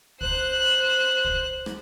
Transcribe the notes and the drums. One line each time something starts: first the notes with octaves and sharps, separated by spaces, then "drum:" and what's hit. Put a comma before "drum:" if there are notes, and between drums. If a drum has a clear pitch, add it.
C5 F#6, drum: kick
drum: kick
drum: rim click